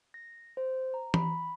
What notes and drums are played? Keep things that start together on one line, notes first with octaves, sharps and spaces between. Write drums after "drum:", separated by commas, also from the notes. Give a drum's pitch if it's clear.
A#6
C5
A#5
B5, drum: tom E3